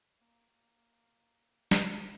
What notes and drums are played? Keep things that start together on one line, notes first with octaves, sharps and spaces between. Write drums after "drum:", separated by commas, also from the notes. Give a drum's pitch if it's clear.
A#3
A#3
drum: snare
C4